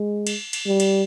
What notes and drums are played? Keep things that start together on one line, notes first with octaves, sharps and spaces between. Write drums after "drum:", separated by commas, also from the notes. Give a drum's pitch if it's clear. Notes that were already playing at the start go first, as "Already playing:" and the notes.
Already playing: G#3
drum: cymbal
drum: cymbal
G3
drum: cymbal